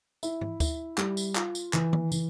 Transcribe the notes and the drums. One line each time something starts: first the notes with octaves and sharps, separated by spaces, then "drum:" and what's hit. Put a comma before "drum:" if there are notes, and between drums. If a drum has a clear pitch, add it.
E4, drum: tambourine
drum: tom G#2
E4, drum: kick D2, tambourine
G3, drum: clap
drum: tambourine
F4, drum: clap
drum: tambourine
E3, drum: clap
drum: tom D#3
E3, drum: tambourine